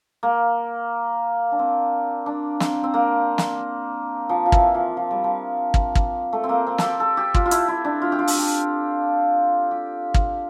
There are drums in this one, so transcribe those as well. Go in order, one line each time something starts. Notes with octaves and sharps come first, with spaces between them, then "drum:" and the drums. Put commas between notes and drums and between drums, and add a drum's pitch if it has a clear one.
A#3
D4
C4
D4
C4, drum: snare
C4
A#3
drum: snare
F3
F3
E3, drum: kick
F3
F3
G3
F3
drum: kick
drum: kick
A3
C4
A#3
C4
G4 A4, drum: snare
A4
G4
F4, drum: kick
F4
E4, drum: hi-hat
E4
D4
F4
G4
F4
A4, drum: open hi-hat
G4
G4
drum: kick